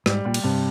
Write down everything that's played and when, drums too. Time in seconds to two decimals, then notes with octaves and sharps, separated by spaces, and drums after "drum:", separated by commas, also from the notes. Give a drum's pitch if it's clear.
0.06 G#2 G3, drum: rim click
0.25 A#2 G3
0.34 drum: cymbal
0.44 G2 C3